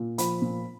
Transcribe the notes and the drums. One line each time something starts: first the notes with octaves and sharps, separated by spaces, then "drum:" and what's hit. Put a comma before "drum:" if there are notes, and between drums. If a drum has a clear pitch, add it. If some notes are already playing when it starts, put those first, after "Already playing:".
Already playing: A#2
F3 B5, drum: hi-hat
A#2